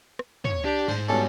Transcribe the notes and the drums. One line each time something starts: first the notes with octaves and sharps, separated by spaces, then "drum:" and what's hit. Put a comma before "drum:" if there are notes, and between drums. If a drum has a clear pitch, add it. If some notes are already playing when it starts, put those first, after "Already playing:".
drum: rim click
C#5, drum: tom
D4 G4
G#2 C5 A5
G2 B2 C#4 A4